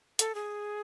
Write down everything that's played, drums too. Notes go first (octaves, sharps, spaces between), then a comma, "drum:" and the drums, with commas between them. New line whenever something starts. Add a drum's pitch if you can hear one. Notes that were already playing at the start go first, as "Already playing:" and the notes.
A4, drum: hi-hat
G#4